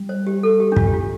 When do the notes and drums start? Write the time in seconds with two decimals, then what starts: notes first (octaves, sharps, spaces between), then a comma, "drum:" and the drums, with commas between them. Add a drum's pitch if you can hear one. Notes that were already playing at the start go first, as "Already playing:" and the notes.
Already playing: G3
0.09 C5
0.27 G4
0.43 A4
0.60 G4
0.72 D4
0.76 F4, drum: kick
0.87 G4
0.94 F4